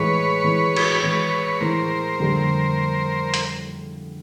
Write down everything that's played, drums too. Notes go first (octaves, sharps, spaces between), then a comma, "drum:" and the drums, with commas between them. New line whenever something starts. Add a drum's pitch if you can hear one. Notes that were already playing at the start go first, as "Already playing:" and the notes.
Already playing: A2 E3 G#3 B4 C#5
A2 E3 G#3
drum: cymbal
A2 E3 G#3 B4 C#5
A2 E3 G#3 A#4 C5
F2 D3 G3 A#3
drum: hi-hat